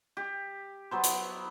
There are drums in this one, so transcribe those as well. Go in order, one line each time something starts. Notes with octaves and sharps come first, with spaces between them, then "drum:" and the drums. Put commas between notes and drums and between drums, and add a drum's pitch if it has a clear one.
G4
F#3 B3 C5
drum: hi-hat